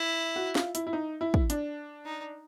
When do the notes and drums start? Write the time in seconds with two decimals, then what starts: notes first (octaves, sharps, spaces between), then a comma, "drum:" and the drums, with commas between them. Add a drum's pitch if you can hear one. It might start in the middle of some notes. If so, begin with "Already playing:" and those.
Already playing: E4
0.36 F#4
0.55 F4, drum: snare
0.75 E4, drum: hi-hat
0.87 E4
0.93 D#4
1.21 E4
1.34 drum: kick
1.50 D4, drum: hi-hat
2.06 D#4